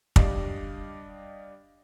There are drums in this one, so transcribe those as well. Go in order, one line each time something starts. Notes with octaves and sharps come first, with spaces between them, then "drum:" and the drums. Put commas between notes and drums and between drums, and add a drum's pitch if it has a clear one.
G3 D4 G4 D5 D#5 F5, drum: kick